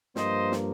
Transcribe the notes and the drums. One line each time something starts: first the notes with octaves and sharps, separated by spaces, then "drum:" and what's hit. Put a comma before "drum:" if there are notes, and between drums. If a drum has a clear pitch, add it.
G2 F3 A#3 C5 D#5, drum: snare
drum: snare